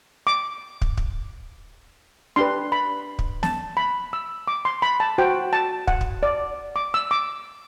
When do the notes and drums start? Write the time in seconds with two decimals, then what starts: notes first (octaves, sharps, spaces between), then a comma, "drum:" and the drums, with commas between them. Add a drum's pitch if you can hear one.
0.27 D6
0.82 drum: kick
0.97 drum: kick
2.36 D4 G4 B4 C6
2.72 B5
3.19 drum: kick
3.43 A5, drum: snare
3.77 B5
4.13 E6
4.48 D6
4.65 C6
4.82 B5
5.00 A5
5.18 F#4 C5 G5
5.53 A5
5.88 F#5, drum: kick
6.01 drum: kick
6.23 D5
6.76 D6
6.94 E6
7.11 D6